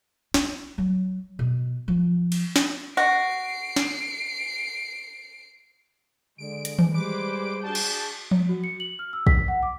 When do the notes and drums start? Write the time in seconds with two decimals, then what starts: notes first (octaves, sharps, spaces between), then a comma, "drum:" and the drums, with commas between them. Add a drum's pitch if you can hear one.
0.34 E4, drum: snare
0.78 F#3
1.39 B2
1.88 F3
2.32 drum: cymbal
2.56 drum: snare
2.97 F#4 C7 D7
3.76 drum: snare
6.38 D3 G#3 D7
6.65 drum: hi-hat
6.79 drum: tom D#3
6.94 G3 G#3 B4 C5 D6 D7
7.63 D4 F#4 G#4 G5 A5
7.75 drum: cymbal
8.31 drum: tom F3
8.49 F#4
8.64 C#7
8.80 F#7
8.99 F6
9.13 E6
9.27 B6, drum: kick A#1
9.48 F#5
9.63 D6